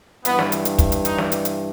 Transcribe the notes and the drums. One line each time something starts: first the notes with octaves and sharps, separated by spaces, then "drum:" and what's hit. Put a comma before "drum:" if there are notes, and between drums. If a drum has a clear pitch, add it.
G2 E3 B3, drum: hi-hat
drum: snare
drum: hi-hat
drum: hi-hat
drum: kick, hi-hat
drum: hi-hat
D#4, drum: hi-hat
drum: snare
drum: hi-hat
drum: hi-hat